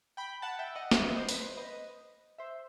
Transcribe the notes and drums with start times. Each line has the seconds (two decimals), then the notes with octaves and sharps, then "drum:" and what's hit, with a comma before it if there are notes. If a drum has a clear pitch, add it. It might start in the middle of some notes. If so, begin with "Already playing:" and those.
0.17 G5 B5
0.42 F#5 A5
0.59 E5 G5
0.75 D#5 F#5
0.91 C5 E5, drum: snare
1.03 B4 D#5
1.16 C5
1.29 B4, drum: open hi-hat
1.41 C5
1.57 B4 D#5
2.38 C5 E5